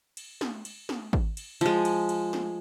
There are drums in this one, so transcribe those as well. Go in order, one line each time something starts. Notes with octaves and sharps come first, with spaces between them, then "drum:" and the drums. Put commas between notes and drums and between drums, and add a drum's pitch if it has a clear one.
drum: cymbal
drum: snare
drum: cymbal
drum: snare
drum: kick G#1
drum: cymbal
F3 G#3, drum: cymbal
drum: cymbal
drum: cymbal
drum: snare